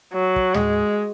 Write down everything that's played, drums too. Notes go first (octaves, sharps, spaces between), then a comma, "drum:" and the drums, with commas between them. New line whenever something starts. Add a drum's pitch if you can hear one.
F#3
drum: kick
G#3, drum: tom